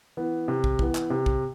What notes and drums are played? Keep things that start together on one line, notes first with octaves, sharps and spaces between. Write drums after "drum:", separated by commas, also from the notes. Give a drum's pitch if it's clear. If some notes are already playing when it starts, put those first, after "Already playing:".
E3 B3
C3
drum: kick
E3 B3, drum: kick
drum: clap
C3
drum: kick